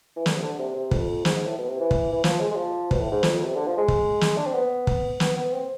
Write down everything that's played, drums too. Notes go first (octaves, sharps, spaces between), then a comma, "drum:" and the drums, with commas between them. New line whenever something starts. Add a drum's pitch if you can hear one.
E3
D3, drum: snare
C3
D3
C3
C3
F2, drum: kick
G#2, drum: snare
G#2
A2
B2
C3
E3
drum: kick
E3
F3, drum: snare
G#3
G#3
F3
B2, drum: kick
A2
G#2
F2, drum: snare
F2
C3
D3
F3
G#3
drum: kick
drum: snare
D4
C4
B3
drum: kick
B3, drum: snare
B3
C4